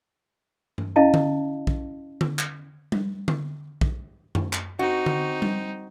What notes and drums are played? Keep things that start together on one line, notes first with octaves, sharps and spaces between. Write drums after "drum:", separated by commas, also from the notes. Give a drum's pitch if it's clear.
drum: tom G2
C#4 E4 D#5 F5 A5
drum: tom D3
drum: kick
drum: tom D3
drum: clap
drum: tom G3
drum: tom D3
drum: kick
drum: tom F#2
drum: clap
C4 D#4 F#4
drum: tom D3
drum: tom G3